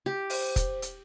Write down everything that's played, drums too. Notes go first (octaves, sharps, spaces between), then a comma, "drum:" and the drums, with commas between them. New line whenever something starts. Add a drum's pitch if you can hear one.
G4
C5, drum: open hi-hat
drum: kick F1, hi-hat
drum: hi-hat